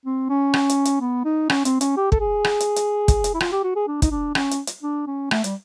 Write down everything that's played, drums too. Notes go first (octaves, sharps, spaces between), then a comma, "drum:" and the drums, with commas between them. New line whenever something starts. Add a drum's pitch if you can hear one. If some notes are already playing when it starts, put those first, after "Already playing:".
C4
C#4
drum: rim click
drum: hi-hat
drum: hi-hat
B3
D#4
C#4, drum: rim click
C4, drum: hi-hat
C#4, drum: hi-hat
G4
A4, drum: kick
G#4
drum: rim click
drum: hi-hat
drum: hi-hat
drum: kick, hi-hat
drum: hi-hat
E4
F4, drum: rim click
G4
F#4
G#4
D4
D#4, drum: kick, hi-hat
D4
C#4, drum: rim click
drum: hi-hat
drum: hi-hat
D4
C#4
A3, drum: rim click
G3, drum: hi-hat